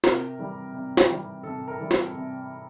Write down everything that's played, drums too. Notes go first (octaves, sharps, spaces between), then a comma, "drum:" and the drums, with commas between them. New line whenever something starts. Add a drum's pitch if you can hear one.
C3 A#4, drum: snare
E3 G3
C3
drum: snare
E3 G3
C3 A4
A#4
E3 G3
drum: snare
C3